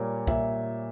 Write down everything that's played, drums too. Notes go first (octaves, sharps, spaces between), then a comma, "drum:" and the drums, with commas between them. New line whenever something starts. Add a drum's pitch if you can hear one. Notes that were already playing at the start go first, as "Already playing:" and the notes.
Already playing: A#2 G3 A#3 C#5
A#2 E5, drum: kick B1